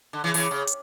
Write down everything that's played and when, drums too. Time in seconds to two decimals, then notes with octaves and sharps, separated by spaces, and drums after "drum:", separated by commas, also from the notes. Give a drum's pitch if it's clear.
0.13 D3
0.24 C#3 E3
0.34 C#3 E3, drum: open hi-hat
0.51 C#3
0.67 drum: hi-hat